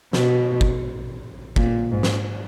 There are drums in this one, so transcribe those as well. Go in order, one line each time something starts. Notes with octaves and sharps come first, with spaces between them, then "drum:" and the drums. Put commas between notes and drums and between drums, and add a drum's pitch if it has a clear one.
B2, drum: snare
drum: kick G1
A#2, drum: kick G1
G#2
drum: snare